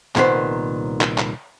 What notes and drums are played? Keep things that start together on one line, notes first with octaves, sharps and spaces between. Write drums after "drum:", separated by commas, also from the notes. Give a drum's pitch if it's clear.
C2 A#2 D#3 B3 C5, drum: clap
drum: clap
drum: clap